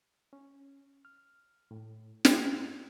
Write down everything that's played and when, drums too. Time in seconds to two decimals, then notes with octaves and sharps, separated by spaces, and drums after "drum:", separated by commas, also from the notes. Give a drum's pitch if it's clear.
0.33 C#4
1.05 F6
1.71 A2
2.25 G2, drum: snare